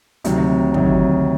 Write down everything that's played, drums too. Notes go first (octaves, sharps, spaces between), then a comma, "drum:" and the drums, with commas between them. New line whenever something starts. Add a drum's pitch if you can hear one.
D2 C3 D#3 F#3, drum: hi-hat
D2 C3 D#3 F#3, drum: kick